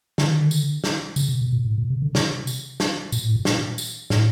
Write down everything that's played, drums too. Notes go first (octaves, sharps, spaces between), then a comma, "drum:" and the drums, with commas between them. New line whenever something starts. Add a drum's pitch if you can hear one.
D3, drum: snare
D#3
D3
drum: tambourine
drum: snare
C#3, drum: tambourine
C3
B2
A#2
A2
A#2
C3
D3
C3, drum: snare
drum: tambourine
drum: snare
A#2, drum: tambourine
A2
A#2
drum: snare
drum: tambourine
A2, drum: snare